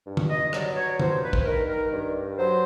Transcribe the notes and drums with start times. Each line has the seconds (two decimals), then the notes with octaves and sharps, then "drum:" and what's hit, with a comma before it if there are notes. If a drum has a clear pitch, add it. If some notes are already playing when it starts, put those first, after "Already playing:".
0.07 G2
0.17 drum: tom
0.30 D#5
0.53 F#3 D5, drum: rim click
0.76 C#5
1.00 G2 C5, drum: tom
1.23 B4
1.33 drum: kick
1.45 D#3 A#4
1.69 A#4
1.92 G2
2.38 F#3 C5